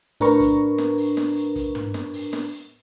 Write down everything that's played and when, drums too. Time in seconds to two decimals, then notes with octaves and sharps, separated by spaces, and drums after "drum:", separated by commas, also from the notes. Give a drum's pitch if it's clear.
0.20 A2 D4 A#4 B4 A#5 C#6, drum: hi-hat
0.40 drum: kick, hi-hat
0.78 drum: snare
0.98 drum: open hi-hat
1.17 drum: snare
1.36 drum: hi-hat
1.56 drum: kick, hi-hat
1.75 drum: tom
1.94 drum: snare
2.13 drum: open hi-hat
2.33 drum: snare
2.52 drum: hi-hat